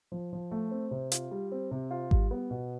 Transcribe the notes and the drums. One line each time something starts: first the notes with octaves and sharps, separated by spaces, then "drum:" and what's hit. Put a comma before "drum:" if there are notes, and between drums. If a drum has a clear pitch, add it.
F3
F3
A3
C4
C3
F4, drum: hi-hat
G3
C4
C3
F4
G3, drum: kick G#1
B3
B2